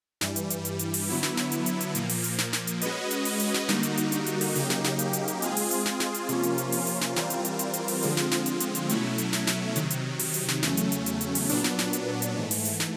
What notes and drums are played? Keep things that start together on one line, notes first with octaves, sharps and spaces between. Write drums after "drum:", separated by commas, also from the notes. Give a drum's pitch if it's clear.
G2 E3 G3, drum: snare
drum: hi-hat
drum: hi-hat
drum: hi-hat
drum: hi-hat
drum: open hi-hat
D3 F#3 B3 E4
drum: snare
drum: snare
drum: hi-hat
drum: hi-hat
drum: hi-hat
A#2 F3 A#3, drum: hi-hat
drum: open hi-hat
drum: hi-hat
drum: snare
drum: snare
drum: hi-hat
G#3 C#4 F#4 B4 D#5, drum: hi-hat
drum: hi-hat
drum: open hi-hat
drum: hi-hat
drum: snare
D3 G3 A#3 D#4 F#4, drum: snare
drum: hi-hat
drum: hi-hat
drum: hi-hat
drum: hi-hat
drum: open hi-hat
C#3 F#3 A#3 D#4 G4, drum: hi-hat
drum: snare
drum: snare
drum: hi-hat
drum: hi-hat
drum: hi-hat
G#3 C4 F4 G#4, drum: hi-hat
drum: open hi-hat
drum: hi-hat
drum: snare
drum: snare
drum: hi-hat
C3 F3 A#3 C#4 F4, drum: hi-hat
drum: hi-hat
drum: hi-hat
drum: open hi-hat
drum: hi-hat
drum: snare
E3 G3 C4 F4 A#4, drum: snare
drum: hi-hat
drum: hi-hat
drum: hi-hat
drum: hi-hat
drum: open hi-hat
D3 F3 G#3 C4 F4, drum: hi-hat
drum: snare
drum: snare
drum: hi-hat
drum: hi-hat
drum: hi-hat
B2 F#3 A3 C#4 E4, drum: hi-hat
drum: hi-hat
drum: snare
drum: snare
C3 D#3 F#3, drum: hi-hat
drum: hi-hat
drum: open hi-hat
drum: hi-hat
drum: snare
E2 C#3 F#3 A3 C#4, drum: snare
drum: hi-hat
drum: hi-hat
drum: hi-hat
drum: hi-hat
drum: open hi-hat
A#2 F#3 B3 D4, drum: hi-hat
drum: snare
drum: snare
drum: hi-hat
drum: hi-hat
G#2 E3 A3
drum: open hi-hat
drum: hi-hat
drum: snare